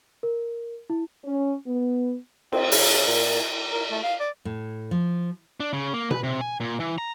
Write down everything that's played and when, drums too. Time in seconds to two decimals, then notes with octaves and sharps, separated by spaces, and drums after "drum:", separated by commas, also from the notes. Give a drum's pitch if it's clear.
0.23 A#4
0.90 E4
1.24 C#4
1.67 B3
2.52 C4, drum: cymbal
2.72 C#3, drum: open hi-hat
3.07 A#2
3.71 A#4
3.91 A3
4.04 F5
4.20 D5
4.45 A2
4.91 F3
5.60 D4
5.73 C#3
5.94 A#3
6.11 B4, drum: tom B2
6.24 C3
6.41 G#5
6.60 A#2
6.80 E3
6.98 A#5